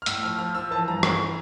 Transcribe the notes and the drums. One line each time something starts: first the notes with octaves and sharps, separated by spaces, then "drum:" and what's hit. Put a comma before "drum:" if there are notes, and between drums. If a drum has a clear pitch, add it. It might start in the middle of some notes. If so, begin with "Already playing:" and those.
F6
A2 E6, drum: hi-hat
F3 F6
F3 F6
F3 E6
E3 A5
G2 A#5
E3, drum: rim click